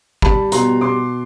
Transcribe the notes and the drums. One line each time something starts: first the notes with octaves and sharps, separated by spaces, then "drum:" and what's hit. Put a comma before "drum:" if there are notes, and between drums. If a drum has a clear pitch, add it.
G3 A5 B5, drum: kick
B2 A#5 C6, drum: hi-hat
B2 C6 D6